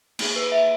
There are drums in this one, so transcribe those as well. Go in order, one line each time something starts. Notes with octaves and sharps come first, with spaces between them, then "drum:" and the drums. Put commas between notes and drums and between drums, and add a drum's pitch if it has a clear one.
A#3 D#4 G#4, drum: cymbal
B4
E5